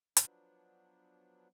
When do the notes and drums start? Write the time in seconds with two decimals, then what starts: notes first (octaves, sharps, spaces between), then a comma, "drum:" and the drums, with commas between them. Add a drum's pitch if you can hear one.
0.17 F3 F#3 B3 D4, drum: hi-hat